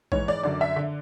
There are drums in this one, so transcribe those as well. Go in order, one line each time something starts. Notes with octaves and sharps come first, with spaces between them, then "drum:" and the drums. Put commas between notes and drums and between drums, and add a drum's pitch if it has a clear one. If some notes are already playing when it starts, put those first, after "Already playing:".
G#2 E3 C#5, drum: kick A#1
D5
F#2 D3 D5
E5
D3